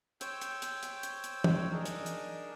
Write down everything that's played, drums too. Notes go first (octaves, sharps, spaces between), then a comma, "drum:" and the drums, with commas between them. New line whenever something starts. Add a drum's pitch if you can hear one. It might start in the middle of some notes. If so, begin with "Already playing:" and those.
C5 C#5 G5 E6, drum: hi-hat
drum: hi-hat
drum: hi-hat
drum: hi-hat
drum: hi-hat
drum: hi-hat
drum: tom
D4 D#4 G#4 A#4
drum: hi-hat
drum: hi-hat